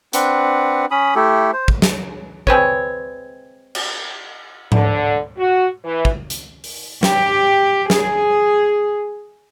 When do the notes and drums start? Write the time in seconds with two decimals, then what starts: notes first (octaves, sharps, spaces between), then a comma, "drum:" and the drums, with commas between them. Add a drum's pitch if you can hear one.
0.13 C4 D4 B4 F#5, drum: hi-hat
0.91 C#4 B5 D#6
1.15 A3 E4 G4 A4
1.53 C5
1.68 drum: kick
1.82 drum: snare
2.47 G#3 C4 B4 C#5, drum: kick
3.75 drum: cymbal
4.72 D3, drum: tom G#2
5.38 F#4
5.83 E3
6.05 drum: kick
6.30 drum: hi-hat
6.64 drum: open hi-hat
7.03 G4, drum: snare
7.90 G#4, drum: snare